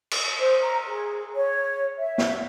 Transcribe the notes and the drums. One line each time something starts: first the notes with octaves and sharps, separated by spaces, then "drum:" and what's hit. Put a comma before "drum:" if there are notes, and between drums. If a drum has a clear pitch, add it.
drum: cymbal
C5
A#5
G#4
C#5
E5
drum: snare